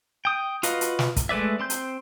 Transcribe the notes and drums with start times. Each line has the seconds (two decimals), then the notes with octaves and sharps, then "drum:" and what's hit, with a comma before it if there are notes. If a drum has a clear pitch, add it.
0.25 G5 D#6
0.63 F4 F#4 B4 D#5 F5, drum: hi-hat
0.81 drum: hi-hat
0.99 drum: snare
1.16 drum: kick, hi-hat
1.29 G#3 A3 B4 D5 E5
1.59 C4 C6 G6
1.70 drum: hi-hat